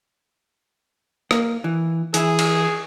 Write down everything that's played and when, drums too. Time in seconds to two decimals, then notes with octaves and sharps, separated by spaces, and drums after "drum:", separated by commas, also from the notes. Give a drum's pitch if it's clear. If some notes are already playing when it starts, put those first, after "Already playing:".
1.31 A#3, drum: rim click
1.64 E3
2.14 E3 E4 G#4, drum: hi-hat
2.39 drum: cymbal